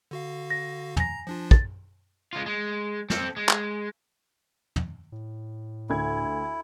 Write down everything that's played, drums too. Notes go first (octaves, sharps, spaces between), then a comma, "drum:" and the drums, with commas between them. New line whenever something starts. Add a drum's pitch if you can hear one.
D3 F#4 F5
A#6
G#5 A#5 A#6, drum: tom
F3 D4 F4
A6, drum: kick
G#3 F4
G#3
C4 A4, drum: snare
G#3
drum: clap
drum: tom
A2
D2 E4 G#6